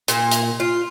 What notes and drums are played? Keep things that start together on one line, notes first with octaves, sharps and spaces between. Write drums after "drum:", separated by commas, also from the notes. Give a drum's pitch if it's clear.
A#2, drum: hi-hat
drum: hi-hat
F4